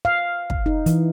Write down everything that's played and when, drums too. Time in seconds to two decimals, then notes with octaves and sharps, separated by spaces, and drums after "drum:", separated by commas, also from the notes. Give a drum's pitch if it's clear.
0.05 F5
0.50 drum: kick
0.66 D#4
0.86 E3, drum: hi-hat